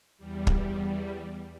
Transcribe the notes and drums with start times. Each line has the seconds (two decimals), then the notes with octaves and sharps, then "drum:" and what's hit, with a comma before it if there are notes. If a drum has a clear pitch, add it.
0.18 E2 G3
0.47 drum: kick